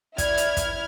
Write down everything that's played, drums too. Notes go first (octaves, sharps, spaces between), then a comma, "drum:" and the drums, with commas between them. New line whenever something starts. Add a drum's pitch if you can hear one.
E4 D5 F6 G#6, drum: kick, hi-hat
drum: hi-hat
drum: kick, hi-hat